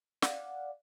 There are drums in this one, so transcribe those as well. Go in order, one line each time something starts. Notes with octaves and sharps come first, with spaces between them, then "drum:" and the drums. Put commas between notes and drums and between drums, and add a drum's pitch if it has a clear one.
D5 F5 F#5, drum: snare